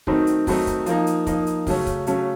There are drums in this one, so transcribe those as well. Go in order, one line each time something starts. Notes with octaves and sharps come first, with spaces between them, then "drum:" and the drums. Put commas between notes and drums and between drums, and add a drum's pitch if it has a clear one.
D#3 F#3 A3 C4 D#4, drum: kick
drum: hi-hat
D#3 F#3 A3 C4 D#4, drum: kick, open hi-hat
drum: kick, hi-hat
F3 A#3 D#4, drum: hi-hat
drum: hi-hat
F3 A#3 D#4, drum: kick, hi-hat
drum: hi-hat
C#3 F#3 A3 C#4, drum: kick, open hi-hat
drum: kick, hi-hat
C#3 F#3 A3 C#4, drum: hi-hat